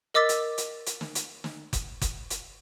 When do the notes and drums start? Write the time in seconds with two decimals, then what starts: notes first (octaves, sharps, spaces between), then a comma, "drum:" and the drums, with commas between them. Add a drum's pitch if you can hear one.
0.14 A#4 D#5 D6 E6 A6 B6
0.29 drum: hi-hat
0.58 drum: hi-hat
0.86 drum: hi-hat
1.01 drum: snare
1.15 drum: hi-hat
1.44 drum: snare
1.73 drum: kick F#1, hi-hat
2.01 drum: kick F#1, hi-hat
2.30 drum: hi-hat